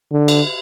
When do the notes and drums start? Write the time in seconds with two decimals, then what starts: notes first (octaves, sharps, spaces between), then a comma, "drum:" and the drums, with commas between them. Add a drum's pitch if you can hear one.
0.12 D3
0.28 drum: cymbal